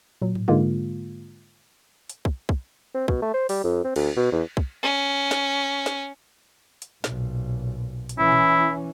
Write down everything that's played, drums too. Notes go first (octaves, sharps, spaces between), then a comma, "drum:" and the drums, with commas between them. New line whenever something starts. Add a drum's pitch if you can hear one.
A#2 F#3
drum: tom G#2
G#2 D3 G#3 A#3 F4
drum: hi-hat
drum: kick
drum: kick
C4
B2, drum: kick
A3
C5
G3, drum: open hi-hat
F2
C4
D2, drum: cymbal
B2
E2
drum: kick
C#4
drum: snare
drum: snare
drum: hi-hat
B1 A#2, drum: snare
drum: hi-hat
E3 C#4 E4
drum: tom A#2